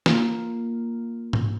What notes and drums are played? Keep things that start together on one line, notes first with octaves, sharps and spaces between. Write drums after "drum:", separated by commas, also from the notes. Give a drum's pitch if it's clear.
A#3 F4, drum: snare
drum: tom G#2